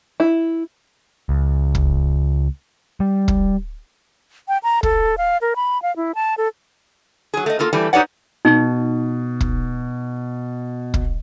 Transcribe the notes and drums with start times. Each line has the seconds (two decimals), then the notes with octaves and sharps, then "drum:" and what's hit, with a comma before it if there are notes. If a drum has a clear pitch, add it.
0.20 E4
1.29 C#2
1.75 drum: kick
3.00 G3
3.28 drum: kick
4.48 G5
4.63 A#5
4.83 A4, drum: kick
5.18 F5
5.41 A#4
5.56 B5
5.82 F5
5.96 E4
6.15 A5
6.38 A4
7.34 F#3 G#4
7.46 A3 D#5
7.59 A#3 F4 A4 A#4
7.73 E3 G3 A3
7.93 D#4 G4 B4 C#5 D5 F#5
8.45 B2 D#4
9.40 drum: kick
10.94 drum: kick